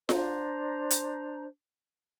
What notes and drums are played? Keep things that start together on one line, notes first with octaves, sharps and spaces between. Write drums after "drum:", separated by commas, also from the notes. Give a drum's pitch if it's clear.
D4 C5 A#5, drum: snare F4
drum: hi-hat